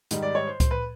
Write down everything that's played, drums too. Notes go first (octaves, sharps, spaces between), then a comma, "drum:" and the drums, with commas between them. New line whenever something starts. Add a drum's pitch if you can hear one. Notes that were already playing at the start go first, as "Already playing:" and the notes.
G#2 D#3 G3, drum: hi-hat
D5
C#5
C5
C5, drum: kick C#2, hi-hat
B4